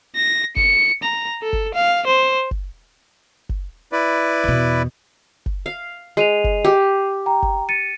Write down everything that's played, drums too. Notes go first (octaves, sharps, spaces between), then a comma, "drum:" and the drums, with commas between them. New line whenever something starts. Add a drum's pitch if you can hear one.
A#6
C#7, drum: kick F#1
A#5
A4
drum: kick F#1
F5
C5
drum: kick F#1
drum: kick F#1
E4 B4 D5
E2 B2
drum: kick F#1
F5
G#3 C7 D#7 F7
drum: kick F#1
G4
G5 A#5
drum: kick F#1
A6 C#7 D#7